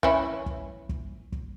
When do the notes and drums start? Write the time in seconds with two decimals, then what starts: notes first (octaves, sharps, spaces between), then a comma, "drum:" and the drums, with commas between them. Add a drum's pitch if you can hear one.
0.03 E3 C#4 E4, drum: kick
0.46 drum: kick
0.89 drum: kick
1.32 drum: kick